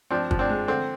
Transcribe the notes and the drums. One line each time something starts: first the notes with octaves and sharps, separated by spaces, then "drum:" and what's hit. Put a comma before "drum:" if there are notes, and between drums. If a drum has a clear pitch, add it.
F3 C4 D4
F3, drum: kick
C4 D4
G#3
D3 C4